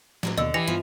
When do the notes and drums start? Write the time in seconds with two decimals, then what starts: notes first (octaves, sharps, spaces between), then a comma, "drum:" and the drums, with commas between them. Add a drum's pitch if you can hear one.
0.23 A2 D3 F#3 G#3, drum: snare
0.38 D#2 B2 D3 D#5 E6
0.54 E3 G4 D#5 A#6 C#7 F7
0.68 G2 F3 B3